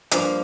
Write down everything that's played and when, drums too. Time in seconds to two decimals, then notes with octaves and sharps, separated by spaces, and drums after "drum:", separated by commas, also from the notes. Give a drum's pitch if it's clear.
0.11 G2 F3 A#3 F5, drum: hi-hat